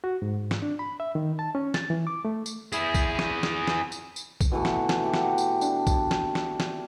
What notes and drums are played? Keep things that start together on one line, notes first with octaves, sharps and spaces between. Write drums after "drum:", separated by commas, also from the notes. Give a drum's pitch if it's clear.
F#4
G#2
drum: snare
D4
B5
E5
D#3
A5
C#4
A6, drum: snare
E3
D6
A3
drum: tambourine
E4 G#4, drum: tambourine
drum: kick B1, tambourine
drum: snare
drum: snare
drum: snare
drum: tambourine
drum: tambourine
drum: kick B1, tambourine
B2 E3 A3
drum: snare
drum: snare
G4 F#5
drum: snare
drum: tambourine
D4, drum: tambourine
drum: kick B1, tambourine
drum: snare
drum: snare
drum: snare